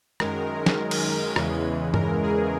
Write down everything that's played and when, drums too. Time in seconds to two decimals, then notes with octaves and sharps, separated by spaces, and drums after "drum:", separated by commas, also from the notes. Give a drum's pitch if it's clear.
0.20 F#2 D#3 G#3 A#4, drum: rim click
0.66 drum: snare
0.91 drum: cymbal
1.36 E2 C#3 E3 G#3, drum: rim click
1.94 A#4, drum: tom G2
2.23 G#4